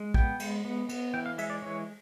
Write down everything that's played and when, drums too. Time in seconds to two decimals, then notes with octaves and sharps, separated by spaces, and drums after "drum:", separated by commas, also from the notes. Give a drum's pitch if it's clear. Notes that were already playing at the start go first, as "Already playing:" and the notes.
Already playing: G#3
0.14 B3 G5, drum: kick
0.40 G#3, drum: cymbal
0.65 B3
0.89 B3, drum: cymbal
1.14 E3 G5
1.26 F5
1.38 G#3 E5, drum: cymbal
1.50 D5
1.62 E3 C#5